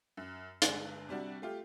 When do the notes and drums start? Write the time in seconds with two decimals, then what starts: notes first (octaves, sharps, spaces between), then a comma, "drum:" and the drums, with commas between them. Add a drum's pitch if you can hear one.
0.17 F#2
0.62 G1 G2 G#3, drum: hi-hat
1.09 C3 G3 D4 F#4
1.42 A3 F4 G4